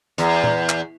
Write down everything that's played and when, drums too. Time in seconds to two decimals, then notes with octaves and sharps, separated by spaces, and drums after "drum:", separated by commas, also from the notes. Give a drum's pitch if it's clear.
0.18 E2, drum: hi-hat
0.44 drum: tom A#2
0.69 drum: clap